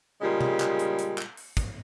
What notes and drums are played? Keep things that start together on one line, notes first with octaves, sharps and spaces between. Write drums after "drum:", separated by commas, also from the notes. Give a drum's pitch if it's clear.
A#2 C#3 G3 G#3
drum: tom C3
drum: clap
drum: hi-hat
drum: hi-hat
drum: clap
drum: open hi-hat
drum: kick, hi-hat